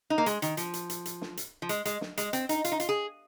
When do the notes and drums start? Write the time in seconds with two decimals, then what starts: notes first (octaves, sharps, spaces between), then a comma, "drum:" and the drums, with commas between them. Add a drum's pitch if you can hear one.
0.10 D#4
0.18 A#3
0.26 G#3, drum: hi-hat
0.42 D#3, drum: hi-hat
0.57 F3, drum: hi-hat
0.74 drum: hi-hat
0.90 drum: hi-hat
1.05 drum: hi-hat
1.21 drum: snare
1.37 drum: hi-hat
1.62 F3
1.69 G#3, drum: hi-hat
1.85 G#3, drum: hi-hat
2.01 drum: snare
2.18 G#3, drum: hi-hat
2.33 C4, drum: hi-hat
2.49 D#4, drum: hi-hat
2.64 F4, drum: hi-hat
2.72 D#4
2.80 F4, drum: hi-hat
2.89 G#4